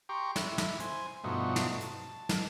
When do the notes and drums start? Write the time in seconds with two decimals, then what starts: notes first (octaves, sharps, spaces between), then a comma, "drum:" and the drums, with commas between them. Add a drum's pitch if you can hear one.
0.09 G4 G5 A#5 C6 C#6
0.36 E4, drum: snare
0.58 drum: snare
0.80 C5 G#5, drum: hi-hat
1.24 G2 B2 F3 A3 D#4 F#4
1.56 drum: snare
1.71 A5
1.80 drum: hi-hat
2.29 drum: snare